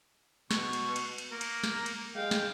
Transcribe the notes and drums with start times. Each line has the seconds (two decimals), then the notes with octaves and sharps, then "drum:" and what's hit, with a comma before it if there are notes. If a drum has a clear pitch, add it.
0.51 B2 C#6, drum: snare
0.73 drum: cymbal
0.96 drum: cymbal
1.18 drum: cymbal
1.32 A#3 A#4
1.41 drum: cymbal
1.64 drum: snare
1.86 drum: cymbal
2.15 G#3 F5 G5
2.31 drum: snare